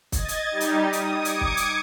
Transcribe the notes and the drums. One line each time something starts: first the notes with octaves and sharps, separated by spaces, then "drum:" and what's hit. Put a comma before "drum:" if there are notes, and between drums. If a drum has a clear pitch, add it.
D#5 G#6 A6, drum: kick, hi-hat
drum: hi-hat
G3 D#4 G4
drum: hi-hat
D#6
drum: hi-hat
D6 D#6 G#6 C#7
drum: hi-hat
drum: kick
drum: hi-hat